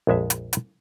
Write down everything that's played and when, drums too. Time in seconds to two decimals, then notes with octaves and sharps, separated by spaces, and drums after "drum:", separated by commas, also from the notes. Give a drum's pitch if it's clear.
0.07 A#1 F2 G#3 E5
0.30 drum: hi-hat
0.53 drum: hi-hat